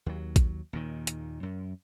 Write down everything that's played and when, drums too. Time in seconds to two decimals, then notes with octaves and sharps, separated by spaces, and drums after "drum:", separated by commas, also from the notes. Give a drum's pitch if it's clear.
0.06 D#2 F#3
0.36 drum: kick A#1, hi-hat
0.73 D#2 A#2 D#3
1.07 drum: hi-hat
1.43 F#2